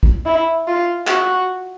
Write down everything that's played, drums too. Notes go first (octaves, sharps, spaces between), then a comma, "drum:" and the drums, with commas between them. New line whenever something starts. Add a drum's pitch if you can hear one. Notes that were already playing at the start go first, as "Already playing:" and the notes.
drum: kick
E4
F4
F#4, drum: clap